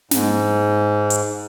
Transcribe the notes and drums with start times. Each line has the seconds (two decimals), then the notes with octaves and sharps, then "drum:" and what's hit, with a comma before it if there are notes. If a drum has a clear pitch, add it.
0.11 G#2, drum: snare
1.10 drum: hi-hat